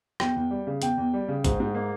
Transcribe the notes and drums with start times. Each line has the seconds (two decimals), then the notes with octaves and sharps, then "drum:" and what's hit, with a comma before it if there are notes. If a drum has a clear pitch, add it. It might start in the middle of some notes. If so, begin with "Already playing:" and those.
0.20 E2 G5, drum: rim click
0.36 E2
0.51 G3
0.67 C#3
0.82 E2 G5, drum: hi-hat
0.98 E2
1.14 G3
1.28 C#3
1.44 G#2, drum: kick A#1, hi-hat
1.60 G#2
1.75 A#3